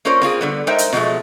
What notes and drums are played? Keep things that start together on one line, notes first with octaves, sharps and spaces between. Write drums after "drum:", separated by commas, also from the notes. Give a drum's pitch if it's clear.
A#3 C#4 F4 A#4 C5 D5
A#3 C4 F4 G#4, drum: snare F4
D3 G3 B3
G#3 D#4 A#4 C5 E5 G5
drum: hi-hat
B2 F3 F#3 G#3 A3, drum: snare F4